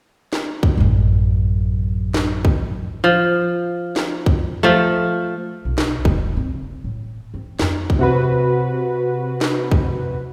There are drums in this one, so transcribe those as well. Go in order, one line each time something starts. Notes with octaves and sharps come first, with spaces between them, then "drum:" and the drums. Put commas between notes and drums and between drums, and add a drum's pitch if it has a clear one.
drum: snare
drum: kick
A1 F#2
drum: snare
drum: kick
F3
drum: snare
drum: kick
F3 A3
B1
drum: snare
E1, drum: kick
C4
C#3
A2
C4
F2, drum: snare
drum: kick
C3 F#4 B4
drum: snare
drum: kick